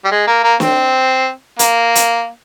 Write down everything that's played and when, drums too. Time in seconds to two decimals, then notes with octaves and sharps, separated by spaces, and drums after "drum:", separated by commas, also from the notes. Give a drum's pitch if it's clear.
0.05 G3
0.11 G#3
0.27 A#3
0.44 A#3
0.60 C4, drum: snare
1.59 A#3, drum: hi-hat
1.95 drum: hi-hat